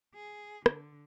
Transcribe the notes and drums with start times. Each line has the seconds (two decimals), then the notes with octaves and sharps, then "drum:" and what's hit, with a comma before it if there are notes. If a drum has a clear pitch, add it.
0.15 G#4
0.66 D3, drum: rim click